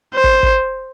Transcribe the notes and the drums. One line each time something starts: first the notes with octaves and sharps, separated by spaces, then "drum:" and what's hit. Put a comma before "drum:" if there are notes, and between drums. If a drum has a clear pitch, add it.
C5
drum: kick
drum: kick